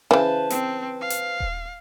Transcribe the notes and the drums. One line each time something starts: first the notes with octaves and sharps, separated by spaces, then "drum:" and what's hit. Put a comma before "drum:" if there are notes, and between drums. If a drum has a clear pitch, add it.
C#3 E3 B4 C5 A5
C4, drum: hi-hat
F5
drum: hi-hat
drum: kick D#1